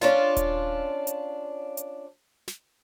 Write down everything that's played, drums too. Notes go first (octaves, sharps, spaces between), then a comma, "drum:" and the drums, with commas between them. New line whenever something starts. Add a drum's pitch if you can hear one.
C#4 D4 F4, drum: snare
drum: kick D#1, hi-hat
drum: hi-hat
drum: hi-hat
drum: snare